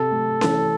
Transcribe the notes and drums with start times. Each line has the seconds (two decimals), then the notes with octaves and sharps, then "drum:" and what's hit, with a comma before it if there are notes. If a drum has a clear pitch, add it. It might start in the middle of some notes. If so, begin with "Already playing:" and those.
Already playing: C3 A4
0.11 A3
0.41 E3, drum: snare C#4